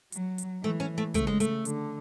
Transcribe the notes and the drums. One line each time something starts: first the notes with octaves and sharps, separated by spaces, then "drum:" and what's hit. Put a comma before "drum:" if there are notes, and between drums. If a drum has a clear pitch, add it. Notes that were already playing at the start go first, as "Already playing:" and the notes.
F#3, drum: hi-hat
drum: hi-hat
E3 A3
C#4
A3
C#3 A3, drum: kick, hi-hat
G#3
A3, drum: hi-hat
D3, drum: hi-hat